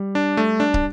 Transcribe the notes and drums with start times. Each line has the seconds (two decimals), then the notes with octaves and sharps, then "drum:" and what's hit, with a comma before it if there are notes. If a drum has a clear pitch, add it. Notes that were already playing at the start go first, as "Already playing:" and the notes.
Already playing: G3
0.15 D4
0.37 A3
0.60 D4
0.74 drum: kick